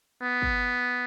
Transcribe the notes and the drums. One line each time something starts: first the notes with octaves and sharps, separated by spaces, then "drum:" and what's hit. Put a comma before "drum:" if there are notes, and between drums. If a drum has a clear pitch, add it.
B3
drum: kick